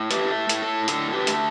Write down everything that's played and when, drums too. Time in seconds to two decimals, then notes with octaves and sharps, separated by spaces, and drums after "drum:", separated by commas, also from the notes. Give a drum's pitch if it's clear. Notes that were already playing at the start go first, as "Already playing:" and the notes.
Already playing: A2
0.11 A3 G4 B4, drum: hi-hat
0.49 A2, drum: hi-hat
0.62 A4
0.88 D3 A4, drum: hi-hat
1.13 G4 B4
1.27 A3, drum: hi-hat